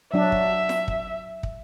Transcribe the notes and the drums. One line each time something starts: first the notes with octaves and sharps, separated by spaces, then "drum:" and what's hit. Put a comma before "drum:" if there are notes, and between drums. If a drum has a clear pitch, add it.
F#3 D4 E5
drum: kick
drum: snare
drum: kick
drum: kick